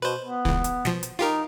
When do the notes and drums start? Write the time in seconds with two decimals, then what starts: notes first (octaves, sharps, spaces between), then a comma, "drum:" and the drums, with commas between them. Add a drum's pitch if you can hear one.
0.02 B2 B4 C5
0.22 B3
0.45 C#2 E3, drum: kick
0.64 drum: hi-hat
0.85 B2 F3, drum: snare
1.03 drum: hi-hat
1.19 D#4 F4 G4 A#4